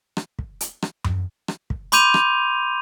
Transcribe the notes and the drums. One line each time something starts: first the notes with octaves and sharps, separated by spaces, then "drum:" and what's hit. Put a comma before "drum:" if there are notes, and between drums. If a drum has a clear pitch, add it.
drum: rim click
drum: kick
drum: hi-hat
drum: rim click
drum: tom F#2
drum: rim click
drum: kick
B5 C6 D6 G6 D#7 F7, drum: hi-hat
drum: rim click